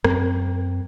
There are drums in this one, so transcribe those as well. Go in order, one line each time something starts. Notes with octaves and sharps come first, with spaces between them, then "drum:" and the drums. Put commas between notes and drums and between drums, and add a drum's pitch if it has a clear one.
F#2 C4, drum: rim click